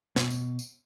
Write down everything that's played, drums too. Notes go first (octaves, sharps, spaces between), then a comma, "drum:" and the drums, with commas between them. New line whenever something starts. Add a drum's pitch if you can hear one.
B2, drum: snare
drum: tambourine
drum: tambourine